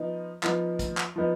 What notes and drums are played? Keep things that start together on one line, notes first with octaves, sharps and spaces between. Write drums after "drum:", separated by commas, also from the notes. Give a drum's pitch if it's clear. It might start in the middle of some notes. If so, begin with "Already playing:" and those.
Already playing: F3 B3 D#4
F3 B3 D#4, drum: clap
drum: kick, hi-hat
drum: clap
F3 B3 D#4